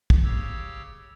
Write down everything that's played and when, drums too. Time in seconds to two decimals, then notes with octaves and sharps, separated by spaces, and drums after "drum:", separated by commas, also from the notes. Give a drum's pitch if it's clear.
0.10 drum: kick
0.23 C#3 G4 C#5 E6